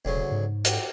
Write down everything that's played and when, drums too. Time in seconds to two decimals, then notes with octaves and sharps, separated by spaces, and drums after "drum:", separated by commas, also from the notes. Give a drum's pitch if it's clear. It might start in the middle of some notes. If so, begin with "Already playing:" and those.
0.05 E1 D2 C#3 F#3
0.31 G#2
0.65 F#4 G4, drum: hi-hat